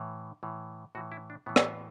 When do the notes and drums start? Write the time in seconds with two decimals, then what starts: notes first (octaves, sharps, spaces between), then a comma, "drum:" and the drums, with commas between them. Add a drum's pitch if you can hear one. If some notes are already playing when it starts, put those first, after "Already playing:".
Already playing: A2 E3
0.43 A2 E3
0.95 A2 E3 F#4
1.12 E4
1.30 D4
1.46 A2 E3 B3
1.56 drum: rim click